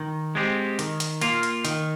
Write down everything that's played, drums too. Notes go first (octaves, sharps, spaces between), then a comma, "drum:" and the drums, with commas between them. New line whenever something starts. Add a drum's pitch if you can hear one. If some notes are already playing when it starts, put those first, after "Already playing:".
Already playing: D#3
G#3 C4 G4
D#3, drum: hi-hat
drum: hi-hat
A#3 F4, drum: hi-hat
drum: hi-hat
D#3, drum: hi-hat